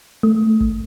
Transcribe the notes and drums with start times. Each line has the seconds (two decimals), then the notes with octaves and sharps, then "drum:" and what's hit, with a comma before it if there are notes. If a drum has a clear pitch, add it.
0.23 A3
0.60 drum: kick